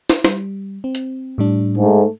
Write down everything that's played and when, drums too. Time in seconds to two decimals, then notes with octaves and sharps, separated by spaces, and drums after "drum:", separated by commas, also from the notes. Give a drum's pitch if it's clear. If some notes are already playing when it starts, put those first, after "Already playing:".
0.10 drum: snare
0.24 G3, drum: snare
0.84 C4
0.95 drum: hi-hat
1.38 A2 G3 D4
1.78 G#2 A3